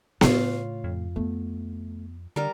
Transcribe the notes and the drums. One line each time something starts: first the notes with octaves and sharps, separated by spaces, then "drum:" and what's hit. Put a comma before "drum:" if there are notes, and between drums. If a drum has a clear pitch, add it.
A2 C#3 F4 C#5 F5, drum: snare B3
F2
A3 B3
D3 G3 A#4 A#5